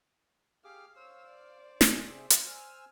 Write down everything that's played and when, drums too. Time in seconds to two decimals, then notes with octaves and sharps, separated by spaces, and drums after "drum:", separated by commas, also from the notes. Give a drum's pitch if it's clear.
0.64 G4 G#4 F5 D6 F6
0.96 C5 C#5 E6
1.27 D5
1.81 C3 G#4 E5, drum: snare
2.30 drum: hi-hat
2.45 G#5 E6 F6